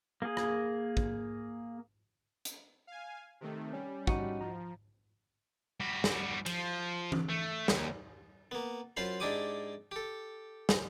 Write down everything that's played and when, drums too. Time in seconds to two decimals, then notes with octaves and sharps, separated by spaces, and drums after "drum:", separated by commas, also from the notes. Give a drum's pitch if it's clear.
0.22 A#3 G#4
0.37 drum: rim click
0.97 drum: kick
2.45 drum: hi-hat
2.87 F5 G#5
3.41 C3 D#3 A3
3.73 G3 C#4
4.07 D#4 F#4, drum: kick
4.41 F3 A#5
5.80 G3 F#4
6.04 drum: snare
6.46 F3, drum: cymbal
7.12 drum: tom E3
7.29 A3
7.68 D#2, drum: snare
8.51 A#3 B3
8.97 F#2 F4 C5 F5 B5
9.20 G#2 D4 E4 G4 D6 D#6
9.92 G4 A4
10.69 drum: snare